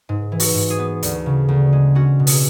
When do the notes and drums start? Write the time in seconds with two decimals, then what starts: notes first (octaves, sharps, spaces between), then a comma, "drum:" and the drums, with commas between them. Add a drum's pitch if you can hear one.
0.09 G#2
0.32 E3
0.40 F#4, drum: open hi-hat
0.55 G#2
0.70 G#4
0.79 B3
1.03 D2, drum: hi-hat
1.26 C#3
1.48 D2
1.73 G#3
1.95 C#4 F#4
2.19 B2
2.27 G#4, drum: open hi-hat